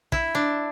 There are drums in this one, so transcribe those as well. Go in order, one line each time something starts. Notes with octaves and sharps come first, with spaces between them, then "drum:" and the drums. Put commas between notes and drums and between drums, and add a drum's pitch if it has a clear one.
E4, drum: kick
D4